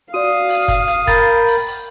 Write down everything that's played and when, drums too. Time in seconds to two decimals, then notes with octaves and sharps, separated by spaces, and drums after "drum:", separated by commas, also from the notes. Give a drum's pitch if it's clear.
0.14 F#4 D5 F5 D#6
0.49 drum: open hi-hat
0.68 drum: kick F#1, hi-hat
0.88 drum: hi-hat
1.07 A#4 G5 B5 A6, drum: kick F#1, hi-hat
1.47 drum: open hi-hat
1.66 drum: open hi-hat